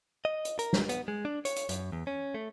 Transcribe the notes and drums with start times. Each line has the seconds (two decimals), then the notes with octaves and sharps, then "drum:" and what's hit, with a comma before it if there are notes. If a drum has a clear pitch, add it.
0.25 D#5
0.45 drum: hi-hat
0.59 A#4, drum: hi-hat
0.73 drum: snare
0.89 B3, drum: hi-hat
1.08 G#3
1.25 D4
1.45 C#5, drum: hi-hat
1.56 drum: hi-hat
1.69 F#2, drum: hi-hat
1.92 E2
2.07 C#4
2.34 A3